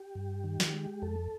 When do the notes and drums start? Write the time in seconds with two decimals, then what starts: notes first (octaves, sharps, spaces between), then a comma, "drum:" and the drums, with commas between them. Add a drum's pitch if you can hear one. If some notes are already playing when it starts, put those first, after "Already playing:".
Already playing: G4
0.15 G2
0.44 D#3
0.60 drum: snare
0.73 G#3
1.02 F2 A4